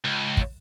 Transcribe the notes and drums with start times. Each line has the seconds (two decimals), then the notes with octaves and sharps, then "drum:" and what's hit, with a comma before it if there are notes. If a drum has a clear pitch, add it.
0.04 C#2
0.37 drum: kick